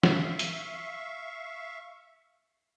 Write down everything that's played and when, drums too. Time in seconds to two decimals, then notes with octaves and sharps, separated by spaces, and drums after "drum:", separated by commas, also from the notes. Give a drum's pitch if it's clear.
0.03 E5 F5 C#6, drum: snare
0.39 drum: hi-hat